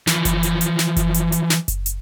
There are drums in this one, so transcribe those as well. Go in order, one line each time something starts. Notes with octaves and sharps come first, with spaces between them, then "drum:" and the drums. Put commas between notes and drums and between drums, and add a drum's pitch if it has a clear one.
E3 F3, drum: snare
drum: kick F#1, hi-hat
drum: hi-hat
drum: hi-hat
drum: snare
drum: kick F#1, hi-hat
drum: hi-hat
drum: hi-hat
drum: snare
drum: kick F#1, hi-hat
drum: hi-hat